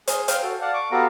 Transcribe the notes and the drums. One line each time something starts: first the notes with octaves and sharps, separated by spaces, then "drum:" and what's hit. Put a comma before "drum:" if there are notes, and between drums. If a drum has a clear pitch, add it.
G#4, drum: hi-hat
F5 G5 F6, drum: hi-hat
F#4 A4
D5 F5 F#5 A5
C#6 D6
B3 F#4 G4 A4 F5 A#5